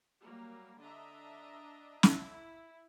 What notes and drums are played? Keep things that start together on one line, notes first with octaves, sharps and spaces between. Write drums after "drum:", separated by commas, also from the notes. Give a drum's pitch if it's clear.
F#3 G3 A#3
D3 D4 D#5 E5 A#5
E4, drum: snare